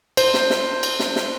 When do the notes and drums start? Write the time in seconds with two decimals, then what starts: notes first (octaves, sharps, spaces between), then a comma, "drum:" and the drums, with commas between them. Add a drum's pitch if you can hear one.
0.17 C5, drum: cymbal
0.34 drum: snare
0.50 drum: snare
0.83 drum: cymbal
0.99 drum: snare
1.16 drum: snare